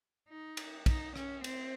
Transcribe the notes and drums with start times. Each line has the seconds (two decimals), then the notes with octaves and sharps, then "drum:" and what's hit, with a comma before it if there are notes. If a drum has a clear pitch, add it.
0.29 D#4
0.57 drum: cymbal
0.86 D#4, drum: kick, cymbal
1.16 C#4, drum: rim click
1.44 C4, drum: cymbal